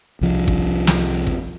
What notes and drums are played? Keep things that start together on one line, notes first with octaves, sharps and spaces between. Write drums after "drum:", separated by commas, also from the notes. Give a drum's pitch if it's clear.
C2 F3
drum: kick
drum: snare
drum: kick